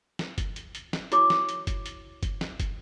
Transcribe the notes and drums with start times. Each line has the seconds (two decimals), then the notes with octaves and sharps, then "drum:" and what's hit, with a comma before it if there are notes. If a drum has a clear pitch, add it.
0.19 drum: snare
0.38 drum: kick, hi-hat
0.56 drum: hi-hat
0.75 drum: hi-hat
0.93 drum: snare
1.12 E4 F#4 C#5 D6, drum: hi-hat
1.30 drum: snare
1.49 drum: hi-hat
1.67 drum: kick, hi-hat
1.86 drum: hi-hat
2.23 drum: kick, hi-hat
2.41 drum: snare
2.60 drum: kick, hi-hat